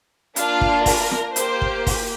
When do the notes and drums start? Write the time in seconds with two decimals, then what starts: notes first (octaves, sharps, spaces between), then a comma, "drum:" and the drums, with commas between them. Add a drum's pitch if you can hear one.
0.36 A#3 D4 F4 F5, drum: hi-hat
0.61 drum: kick
0.86 A#4, drum: kick, open hi-hat
1.11 drum: snare
1.36 A#3 G4 C5, drum: hi-hat
1.62 drum: kick
1.87 drum: kick, open hi-hat